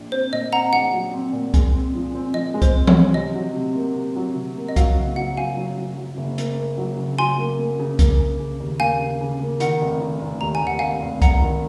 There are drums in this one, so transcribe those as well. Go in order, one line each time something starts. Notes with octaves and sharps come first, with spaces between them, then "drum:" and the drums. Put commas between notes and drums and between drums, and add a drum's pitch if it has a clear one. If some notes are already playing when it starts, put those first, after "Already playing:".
Already playing: A#1
C4 C5
A#2 D#5
C4 F#5 A#5
A#1 F#5
F#3
C4
A#2
G#3, drum: kick C2, hi-hat
C4
F3
C4
F3 D#5
G#3
C5, drum: kick C2, hi-hat
C4
C#5, drum: tom E3
C4
C3 D#5
F#3
C3
A#3
C3
F#3
C3
A#3
D#5
F#3 F5, drum: kick C2, hi-hat
F#1
F#3 F#5
F#3 F5 G#5
F#3
F#3
F#3
F#1
A#3, drum: hi-hat
A#3
F#3
C#3
F#3 G#5 C6
A#3
A#3
C#3
A#3, drum: kick C2, hi-hat
C#3
C#3
D#2
A#3 F5 G#5
C#3
C#3
A#3
D#3 F#5, drum: hi-hat
F1
D#3
F1
D#2 A#5
G#5
D#2 F#5
D#2 F5 G#5
F1
G#2 F#5 A#5, drum: kick C2, hi-hat
D#3